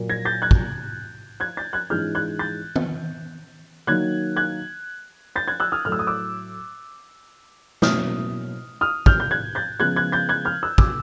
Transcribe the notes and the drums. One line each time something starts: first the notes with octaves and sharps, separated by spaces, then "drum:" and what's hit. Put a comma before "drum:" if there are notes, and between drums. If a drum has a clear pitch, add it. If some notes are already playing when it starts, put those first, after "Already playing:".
Already playing: A#2 F#3 A#3
G#6 A#6
G6 A6
F#6 G#6
drum: kick
F#6 G#6
G6 A6
F#6 G#6
G#2 E3 G#3 C#4 F4 F6 G6
F#6 G#6
G6 A6
drum: tom D#3
D#3 F#3 A#3 D#4 F#6 G#6
F#6 G#6
G6 A6
F#6 G#6
E6 F#6
D#6 F6
A2 F#3 A3 F6
E6
D#6
D6 E6
B2 F#3 A#3 C#4 E4 D#6 F6, drum: snare
D#6 F6
F6 G6, drum: kick
G6
F#6 G#6
G6 A6
C#3 F3 G#3 B3 F#6 G#6
F#6 G#6
G6 A6
F#6 G#6
F6 G6
E6 F#6
D6 E6, drum: kick